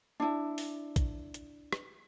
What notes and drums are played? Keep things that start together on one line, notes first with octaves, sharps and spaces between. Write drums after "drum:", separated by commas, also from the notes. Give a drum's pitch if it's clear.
D4 E4
drum: open hi-hat
drum: kick, hi-hat
drum: hi-hat
drum: rim click